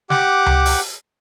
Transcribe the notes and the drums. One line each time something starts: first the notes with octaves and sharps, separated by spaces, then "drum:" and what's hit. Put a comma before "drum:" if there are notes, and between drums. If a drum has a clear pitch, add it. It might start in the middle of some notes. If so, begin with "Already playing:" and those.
G4 F#5 D6, drum: snare
drum: tom C#2
drum: open hi-hat